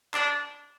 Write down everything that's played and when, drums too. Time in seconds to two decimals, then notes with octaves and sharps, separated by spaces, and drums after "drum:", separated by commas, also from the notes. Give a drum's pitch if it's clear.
0.14 D4, drum: clap